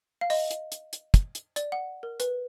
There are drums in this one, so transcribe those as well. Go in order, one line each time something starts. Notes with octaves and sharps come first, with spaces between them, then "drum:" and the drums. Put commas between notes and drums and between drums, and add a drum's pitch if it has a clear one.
F5
D#5, drum: open hi-hat
drum: hi-hat
drum: hi-hat
drum: hi-hat
drum: kick, hi-hat
drum: hi-hat
D5, drum: hi-hat
F#5
A#4
B4, drum: hi-hat